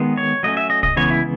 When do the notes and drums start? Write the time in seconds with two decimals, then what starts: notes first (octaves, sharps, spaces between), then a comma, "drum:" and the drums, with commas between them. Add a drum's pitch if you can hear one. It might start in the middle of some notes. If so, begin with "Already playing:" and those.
Already playing: D#3 G#3 B3
0.17 C#5
0.43 F#3 A3 C#4 D#5
0.57 E5
0.70 D#5
0.83 D#5, drum: kick
0.96 C#3 E3 G#3 B3 C#5
1.10 E4